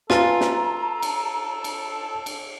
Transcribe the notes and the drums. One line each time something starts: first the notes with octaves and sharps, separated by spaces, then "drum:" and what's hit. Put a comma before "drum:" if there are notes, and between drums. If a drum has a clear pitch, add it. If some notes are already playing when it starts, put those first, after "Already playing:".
F4 A4 B4 G#5 A#5 A6, drum: snare
drum: snare
drum: cymbal
drum: cymbal
drum: cymbal